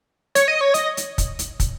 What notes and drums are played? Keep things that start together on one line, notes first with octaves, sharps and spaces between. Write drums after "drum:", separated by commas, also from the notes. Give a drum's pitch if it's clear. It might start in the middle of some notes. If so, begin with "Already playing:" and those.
C#5, drum: hi-hat
D#5
C#5
D#5, drum: hi-hat
drum: hi-hat
drum: kick, hi-hat
drum: hi-hat
drum: kick, hi-hat